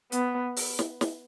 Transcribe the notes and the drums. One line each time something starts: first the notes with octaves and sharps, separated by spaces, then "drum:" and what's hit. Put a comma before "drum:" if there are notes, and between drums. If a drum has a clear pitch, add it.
B3, drum: hi-hat
drum: open hi-hat
drum: snare
drum: snare